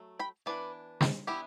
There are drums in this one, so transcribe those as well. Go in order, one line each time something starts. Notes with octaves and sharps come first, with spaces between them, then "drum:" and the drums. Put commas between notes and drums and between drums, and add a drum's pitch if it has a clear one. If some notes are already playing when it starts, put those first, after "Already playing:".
Already playing: F#3 A3
G5 B5
E3 B3 D4 B4 D5
drum: snare
E3 B3 D4 E4 G4